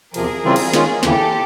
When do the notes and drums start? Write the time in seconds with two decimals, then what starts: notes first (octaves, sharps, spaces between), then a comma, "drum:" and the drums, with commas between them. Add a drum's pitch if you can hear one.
0.14 E2 C3 F3 G#4 A#4, drum: cymbal
0.43 C#3 E3 G3 C4 F4
0.56 drum: cymbal
0.73 D#3 G#3 C#4 F4, drum: snare
1.03 D#2 C#3 E3 G4 A4, drum: snare